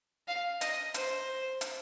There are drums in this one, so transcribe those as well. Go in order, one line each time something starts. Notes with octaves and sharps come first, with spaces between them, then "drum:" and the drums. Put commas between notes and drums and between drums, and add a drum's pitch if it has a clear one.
F5
D#5, drum: hi-hat
C5, drum: hi-hat
drum: hi-hat